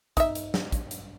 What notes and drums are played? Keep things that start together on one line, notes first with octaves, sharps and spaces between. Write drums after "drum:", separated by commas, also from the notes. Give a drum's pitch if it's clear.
D#4 E5, drum: kick, hi-hat
drum: hi-hat
drum: snare
drum: kick, hi-hat
drum: hi-hat